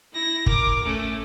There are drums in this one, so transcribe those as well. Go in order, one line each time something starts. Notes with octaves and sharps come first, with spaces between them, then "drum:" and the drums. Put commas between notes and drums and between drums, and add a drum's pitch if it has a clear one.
E4 A#6
A#4 D6, drum: kick
A3 C#4